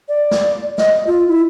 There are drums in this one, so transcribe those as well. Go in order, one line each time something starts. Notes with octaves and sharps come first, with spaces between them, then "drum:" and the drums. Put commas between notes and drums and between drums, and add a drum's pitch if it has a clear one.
D5
drum: snare
D#5, drum: snare
F4
E4